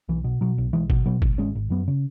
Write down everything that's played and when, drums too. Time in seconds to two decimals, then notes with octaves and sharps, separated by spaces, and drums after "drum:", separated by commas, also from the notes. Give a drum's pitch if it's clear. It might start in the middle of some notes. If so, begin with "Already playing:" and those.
0.09 B1 E3
0.24 B2
0.41 B2 F#3
0.58 B1
0.73 B1 E3 G#3
0.90 B2, drum: kick G1
1.06 B2 F#3 B3
1.22 B1, drum: kick G1
1.38 G#1 G#3 C#4
1.55 G#1
1.70 F#2 F#3 B3
1.88 C#3